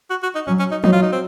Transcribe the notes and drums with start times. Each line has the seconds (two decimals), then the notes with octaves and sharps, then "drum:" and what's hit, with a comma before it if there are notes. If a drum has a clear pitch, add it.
0.10 F#4
0.23 F#4
0.35 D#4
0.47 F#3 C#4
0.59 C#4
0.71 D#4
0.84 F#3 D#4, drum: tom E3
0.93 F4
1.02 D#4
1.12 C4